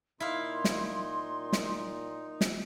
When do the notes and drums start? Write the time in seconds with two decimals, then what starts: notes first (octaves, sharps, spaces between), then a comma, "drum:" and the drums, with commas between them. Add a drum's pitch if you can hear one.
0.20 A#2 D#4 E4 F5 C6
0.64 drum: snare
1.53 drum: snare
2.41 drum: snare